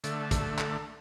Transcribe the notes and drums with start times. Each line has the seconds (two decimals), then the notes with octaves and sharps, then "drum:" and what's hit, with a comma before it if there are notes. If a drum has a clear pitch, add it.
0.04 D3 A3, drum: hi-hat
0.31 drum: kick, hi-hat
0.59 drum: clap